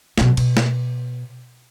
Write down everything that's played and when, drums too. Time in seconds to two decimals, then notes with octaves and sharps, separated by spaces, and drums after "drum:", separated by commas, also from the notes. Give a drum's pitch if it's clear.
0.18 B2 F#3, drum: snare
0.37 B2, drum: cymbal
0.57 drum: snare